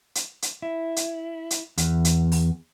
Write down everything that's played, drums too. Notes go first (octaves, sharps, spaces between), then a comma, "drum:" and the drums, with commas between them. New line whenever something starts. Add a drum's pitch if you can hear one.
drum: hi-hat
drum: hi-hat
E4
drum: hi-hat
drum: hi-hat
E2, drum: hi-hat
drum: hi-hat
drum: open hi-hat